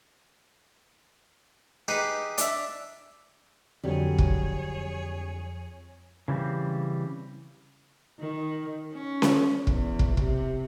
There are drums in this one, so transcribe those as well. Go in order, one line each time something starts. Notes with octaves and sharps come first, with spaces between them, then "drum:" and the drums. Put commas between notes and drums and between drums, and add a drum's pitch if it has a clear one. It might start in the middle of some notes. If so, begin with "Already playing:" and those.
D#4 G4 G#4 B4
D4 E5, drum: hi-hat
F2 D3 F#3 G3 G#4 C#5
drum: kick
C#3 E3 G3 C4
D#3
C#4
drum: snare C#4
E2, drum: kick
drum: kick
C3, drum: kick